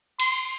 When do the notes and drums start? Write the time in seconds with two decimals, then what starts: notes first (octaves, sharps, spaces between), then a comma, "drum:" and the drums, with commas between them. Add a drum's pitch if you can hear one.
0.20 C6, drum: cymbal